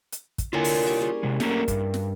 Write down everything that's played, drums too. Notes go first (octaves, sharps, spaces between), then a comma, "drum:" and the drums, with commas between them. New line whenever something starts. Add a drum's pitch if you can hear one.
drum: hi-hat
drum: kick, hi-hat
D3 A#3 E4 F4 C#5 G#5
drum: open hi-hat
G3 C#6 D6
G3 C#4 G#4
C3 G#3
A3 A#3 C#4 A#4 E5, drum: snare
G2, drum: kick, hi-hat
drum: snare